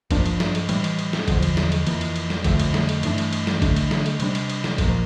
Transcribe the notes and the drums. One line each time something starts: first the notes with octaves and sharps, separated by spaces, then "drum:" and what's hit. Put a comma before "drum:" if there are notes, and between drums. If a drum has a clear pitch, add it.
G2 F3 A#3 D4, drum: kick, cymbal
drum: cymbal
drum: snare
drum: cymbal
A2 E3 G3, drum: cymbal
drum: cymbal
drum: cymbal
drum: snare
E2 D3 F3, drum: kick, cymbal
drum: cymbal
drum: snare
drum: cymbal
F2 E3 A#3, drum: cymbal
drum: cymbal
drum: cymbal
drum: snare
F2 D3 F3 A3, drum: kick, cymbal
drum: cymbal
drum: snare
drum: cymbal
G2 E3 A3 D4, drum: cymbal
drum: cymbal
drum: cymbal
drum: snare
D3 A3 D4, drum: kick, cymbal
drum: cymbal
drum: snare
drum: cymbal
C3 G3 D4, drum: cymbal
drum: cymbal
drum: cymbal
drum: snare
A#2 F3 A#3, drum: kick, cymbal